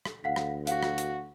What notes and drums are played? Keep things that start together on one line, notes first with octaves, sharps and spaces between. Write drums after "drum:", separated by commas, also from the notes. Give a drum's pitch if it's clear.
drum: rim click
D2 F5 F#5 B6
drum: rim click
F#4 F5, drum: hi-hat
drum: rim click
drum: hi-hat